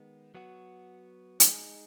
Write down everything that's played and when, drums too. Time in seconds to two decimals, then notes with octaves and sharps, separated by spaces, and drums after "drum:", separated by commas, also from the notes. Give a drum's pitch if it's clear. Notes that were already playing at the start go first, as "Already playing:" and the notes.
Already playing: D#3 G#3 B3
0.35 F#3 B3 F#4
1.40 G#3 D#4 G#4, drum: hi-hat